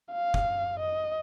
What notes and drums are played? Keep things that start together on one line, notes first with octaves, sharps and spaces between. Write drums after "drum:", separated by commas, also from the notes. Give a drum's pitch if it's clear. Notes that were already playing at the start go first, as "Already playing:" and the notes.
F5
drum: kick
D#5